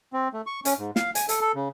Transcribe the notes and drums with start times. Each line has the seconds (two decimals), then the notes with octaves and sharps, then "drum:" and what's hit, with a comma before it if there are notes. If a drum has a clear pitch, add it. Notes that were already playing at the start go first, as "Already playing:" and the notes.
0.13 C4
0.33 A3
0.46 C#6
0.65 C#4, drum: hi-hat
0.79 G#2
0.96 F5, drum: snare
1.15 G#5, drum: hi-hat
1.29 A4, drum: hi-hat
1.41 A4
1.55 C#3